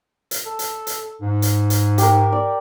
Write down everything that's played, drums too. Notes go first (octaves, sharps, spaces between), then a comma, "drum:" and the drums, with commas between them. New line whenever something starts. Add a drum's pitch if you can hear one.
drum: hi-hat
A4
drum: hi-hat
drum: hi-hat
G#2
drum: hi-hat
drum: hi-hat
G4 A#4, drum: hi-hat
D5